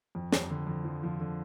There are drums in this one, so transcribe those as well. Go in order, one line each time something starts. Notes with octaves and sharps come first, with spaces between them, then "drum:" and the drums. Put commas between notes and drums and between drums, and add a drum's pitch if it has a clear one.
F2
F2, drum: snare
D3
F2
F3
F3
D3